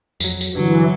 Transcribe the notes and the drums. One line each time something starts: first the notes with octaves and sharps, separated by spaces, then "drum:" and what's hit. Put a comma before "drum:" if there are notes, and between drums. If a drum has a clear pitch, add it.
F2 F#3, drum: tambourine
drum: tambourine
G2 D3 E3 F#3